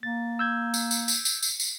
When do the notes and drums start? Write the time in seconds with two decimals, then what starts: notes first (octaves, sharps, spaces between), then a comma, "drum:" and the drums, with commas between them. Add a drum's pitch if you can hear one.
0.03 A#3 A6
0.39 E6 G6 G#6
0.74 drum: tambourine
0.91 drum: tambourine
1.08 drum: tambourine
1.25 drum: tambourine
1.42 drum: tambourine
1.60 drum: tambourine